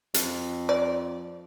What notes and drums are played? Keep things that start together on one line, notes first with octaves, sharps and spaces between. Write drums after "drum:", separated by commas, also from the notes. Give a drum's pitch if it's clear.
F2, drum: hi-hat
D5